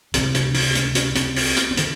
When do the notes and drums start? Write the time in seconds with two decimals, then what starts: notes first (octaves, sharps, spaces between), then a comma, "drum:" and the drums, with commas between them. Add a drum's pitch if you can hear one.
0.14 C#2 C3 C4, drum: hi-hat
0.35 D4, drum: hi-hat
0.54 D4, drum: open hi-hat
0.75 C#4, drum: hi-hat
0.95 C#4, drum: hi-hat
1.15 C4, drum: hi-hat
1.36 drum: open hi-hat
1.56 drum: hi-hat
1.71 C4
1.77 D3 C#4, drum: hi-hat